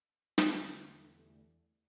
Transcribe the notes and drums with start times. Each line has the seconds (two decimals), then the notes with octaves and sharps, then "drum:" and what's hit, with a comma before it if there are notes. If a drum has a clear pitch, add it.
0.38 E2 D3 E3 G3 A3, drum: snare